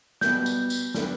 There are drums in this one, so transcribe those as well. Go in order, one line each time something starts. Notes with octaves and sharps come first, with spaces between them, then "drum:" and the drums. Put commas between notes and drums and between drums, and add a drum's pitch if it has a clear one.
B2 G3 B3 G6, drum: snare
drum: tambourine
drum: tambourine
D3 G3 B3 D4, drum: snare